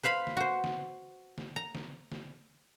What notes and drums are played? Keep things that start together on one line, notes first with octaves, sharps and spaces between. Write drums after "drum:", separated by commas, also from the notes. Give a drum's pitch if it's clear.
B4 C5 F5 B5
drum: snare
F#4 C5
drum: snare
drum: snare
A#5
drum: snare
drum: snare